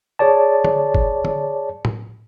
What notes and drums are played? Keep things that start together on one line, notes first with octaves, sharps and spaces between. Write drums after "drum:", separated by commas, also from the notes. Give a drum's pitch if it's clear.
G#4 C#5 D5 A5
drum: tom D3
drum: kick F#1
drum: tom D3
drum: tom A2